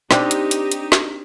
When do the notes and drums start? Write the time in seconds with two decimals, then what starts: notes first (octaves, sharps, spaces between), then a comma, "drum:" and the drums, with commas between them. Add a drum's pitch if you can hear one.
0.11 C4 D4 D#4 G4, drum: snare
0.31 drum: hi-hat
0.51 drum: hi-hat
0.72 drum: hi-hat
0.92 drum: snare